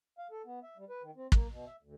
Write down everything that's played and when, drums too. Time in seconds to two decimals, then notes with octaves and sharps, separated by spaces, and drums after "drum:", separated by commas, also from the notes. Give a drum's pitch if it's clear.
0.18 F5
0.31 A4
0.45 B3
0.63 E5
0.77 G3
0.90 B4
1.02 D#3
1.16 C4
1.32 A#3, drum: kick
1.51 B2
1.66 E5
1.83 D2